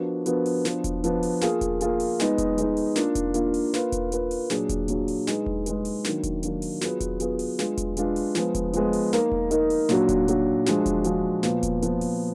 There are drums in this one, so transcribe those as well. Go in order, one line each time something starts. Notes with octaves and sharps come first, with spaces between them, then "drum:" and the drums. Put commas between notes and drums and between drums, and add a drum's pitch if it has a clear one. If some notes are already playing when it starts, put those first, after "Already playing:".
Already playing: F3 B3 D4 F#4 A#4
F3 B3 D4 F#4 A#4, drum: hi-hat
drum: open hi-hat
F3 B3 D4, drum: snare
drum: kick E1, hi-hat
F3 B3 D4, drum: hi-hat
drum: open hi-hat
A#3 F4 G#4, drum: snare
drum: kick E1, hi-hat
A#3 F4 G#4, drum: hi-hat
drum: open hi-hat
G#3 B3 D#4, drum: snare
drum: kick E1, hi-hat
G#3 B3 D#4, drum: hi-hat
drum: open hi-hat
A#3 D4 F4, drum: snare
drum: kick E1, hi-hat
A#3 D4 F4, drum: hi-hat
drum: open hi-hat
A#3 F4 B4, drum: snare
drum: kick E1, hi-hat
A#3 F4 B4, drum: hi-hat
drum: open hi-hat
A#2 F#3 D4 G#4, drum: snare
drum: kick E1, hi-hat
A#2 F#3 D4 G#4, drum: hi-hat
drum: open hi-hat
G#3 D#4 G#4 B4, drum: snare
drum: kick E1
G#3 D#4 G#4 B4, drum: hi-hat
drum: open hi-hat
D#3 F#3 A#3 D4, drum: snare
drum: kick E1, hi-hat
D#3 F#3 A#3 D4, drum: hi-hat
drum: open hi-hat
F#3 B3 F4 G#4 B4, drum: snare
drum: kick E1, hi-hat
F#3 B3 F4 G#4 B4, drum: hi-hat
drum: open hi-hat
G#3 D4 F4 B4, drum: snare
drum: kick E1, hi-hat
G#3 D4 F4 B4, drum: hi-hat
drum: open hi-hat
F3 G#3 B3, drum: snare
drum: kick E1, hi-hat
F3 G#3 B3, drum: hi-hat
drum: open hi-hat
A#3 D#4 A#4, drum: snare
drum: kick E1
A#3 D#4 A#4, drum: hi-hat
drum: open hi-hat
A#2 F#3 D4 F#4, drum: snare
drum: kick E1, hi-hat
A#2 F#3 D4 F#4, drum: hi-hat
F3 G#3 D4 F#4, drum: snare
drum: kick E1, hi-hat
F3 G#3 D4 F#4, drum: hi-hat
A#2 F3 B3, drum: snare
drum: kick E1, hi-hat
A#2 F3 B3, drum: hi-hat
drum: open hi-hat